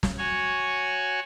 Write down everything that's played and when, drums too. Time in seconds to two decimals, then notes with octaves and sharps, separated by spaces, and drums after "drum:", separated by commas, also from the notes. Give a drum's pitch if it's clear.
0.03 drum: snare
0.18 F#4 C#5 G#5